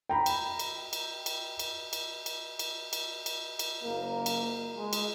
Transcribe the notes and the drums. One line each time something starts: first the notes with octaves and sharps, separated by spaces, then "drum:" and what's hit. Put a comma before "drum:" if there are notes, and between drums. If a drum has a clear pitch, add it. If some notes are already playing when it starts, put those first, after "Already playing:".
G5 A#5 B5
drum: cymbal
drum: cymbal
drum: cymbal
drum: cymbal
drum: cymbal
drum: cymbal
drum: cymbal
drum: cymbal
drum: cymbal
drum: cymbal
drum: cymbal
F#1 A#3 A#4
drum: cymbal
G#3
drum: cymbal